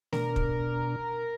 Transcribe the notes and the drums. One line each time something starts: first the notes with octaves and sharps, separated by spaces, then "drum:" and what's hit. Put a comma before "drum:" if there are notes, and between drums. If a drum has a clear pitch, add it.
B2 D4 A#4, drum: snare A3
drum: kick